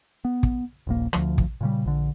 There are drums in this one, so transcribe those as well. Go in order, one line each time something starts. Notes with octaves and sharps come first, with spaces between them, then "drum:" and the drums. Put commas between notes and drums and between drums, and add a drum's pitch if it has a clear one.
B3
drum: kick
D#1 A#1 A#3
D2 F3, drum: rim click
drum: kick
A#2 C#3 G3
A#1 D3